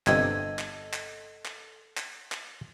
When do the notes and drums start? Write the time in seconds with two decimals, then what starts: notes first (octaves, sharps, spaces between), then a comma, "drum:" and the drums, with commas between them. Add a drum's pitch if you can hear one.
0.07 G1 C3 A4 D#5 F#5 G#6, drum: clap
0.59 drum: clap
0.94 drum: clap
1.45 drum: clap
1.97 drum: clap
2.32 drum: clap